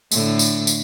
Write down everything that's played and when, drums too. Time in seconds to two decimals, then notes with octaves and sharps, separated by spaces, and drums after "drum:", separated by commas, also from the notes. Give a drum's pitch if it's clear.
0.11 A2 D3, drum: tambourine
0.39 drum: tambourine
0.67 drum: tambourine